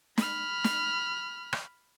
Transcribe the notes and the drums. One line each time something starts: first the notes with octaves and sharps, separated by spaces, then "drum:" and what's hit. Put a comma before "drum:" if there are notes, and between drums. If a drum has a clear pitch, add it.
B5 F6, drum: snare
drum: snare
drum: rim click